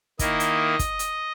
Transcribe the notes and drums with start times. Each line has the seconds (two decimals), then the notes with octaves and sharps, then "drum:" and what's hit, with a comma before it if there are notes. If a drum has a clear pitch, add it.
0.19 D#3 A#3 E4 D#5, drum: kick, hi-hat
0.40 drum: hi-hat
0.79 drum: kick, hi-hat
0.99 drum: hi-hat